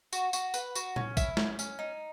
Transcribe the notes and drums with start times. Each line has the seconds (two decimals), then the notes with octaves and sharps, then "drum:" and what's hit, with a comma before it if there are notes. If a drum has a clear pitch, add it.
0.13 F#4, drum: tambourine
0.33 F#4, drum: tambourine
0.54 B4, drum: tambourine
0.75 F#4, drum: tambourine
0.96 C#4, drum: tom A#2
1.17 E4, drum: kick, tambourine
1.37 C#4, drum: snare
1.59 C#4, drum: tambourine
1.79 D#4